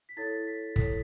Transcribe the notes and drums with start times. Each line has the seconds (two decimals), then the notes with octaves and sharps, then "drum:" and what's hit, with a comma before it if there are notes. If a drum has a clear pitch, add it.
0.09 B6
0.17 E4 A4 C#5 A6
0.47 B6
0.76 E4 A4 C#5 B6, drum: kick